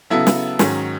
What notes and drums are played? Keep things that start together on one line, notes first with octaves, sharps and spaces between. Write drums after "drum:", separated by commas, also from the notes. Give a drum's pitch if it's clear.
C#3 F#3 B3 E4 A4
drum: snare
G#2 D#3 F#3 C#4, drum: snare